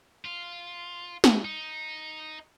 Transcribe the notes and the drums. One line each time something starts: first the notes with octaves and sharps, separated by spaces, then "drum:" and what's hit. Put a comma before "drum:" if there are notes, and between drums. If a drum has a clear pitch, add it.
F4
drum: snare
D#4